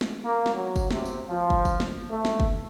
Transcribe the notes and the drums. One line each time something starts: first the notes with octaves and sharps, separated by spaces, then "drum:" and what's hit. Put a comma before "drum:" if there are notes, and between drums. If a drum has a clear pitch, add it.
drum: snare
A#3
drum: snare
F#3
drum: kick, tambourine
C3, drum: snare
drum: tambourine
F3
drum: kick
drum: kick, tambourine
drum: snare
A3
drum: snare
drum: kick